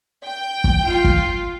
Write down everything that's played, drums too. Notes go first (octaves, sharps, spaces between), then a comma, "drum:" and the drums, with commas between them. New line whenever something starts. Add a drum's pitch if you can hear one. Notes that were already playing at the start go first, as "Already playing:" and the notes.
G5
drum: kick
F4
drum: kick